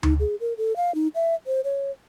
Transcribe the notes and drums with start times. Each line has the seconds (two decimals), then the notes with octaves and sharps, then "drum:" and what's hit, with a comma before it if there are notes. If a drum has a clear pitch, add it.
0.03 D#4, drum: tom D2
0.20 G#4
0.40 A#4
0.58 A4
0.76 F5
0.95 D#4
1.15 E5
1.46 C5
1.64 C#5